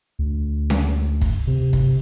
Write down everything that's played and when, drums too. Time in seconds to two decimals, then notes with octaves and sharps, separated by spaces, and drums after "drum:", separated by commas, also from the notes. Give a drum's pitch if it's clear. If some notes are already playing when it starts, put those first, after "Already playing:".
0.19 D2
0.70 drum: snare C#4
1.21 drum: kick
1.47 C3
1.73 drum: kick